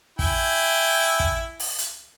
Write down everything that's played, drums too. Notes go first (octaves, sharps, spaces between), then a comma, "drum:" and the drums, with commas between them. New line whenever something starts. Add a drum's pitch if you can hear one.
E4 G5 G#5, drum: kick
drum: kick
drum: open hi-hat
drum: hi-hat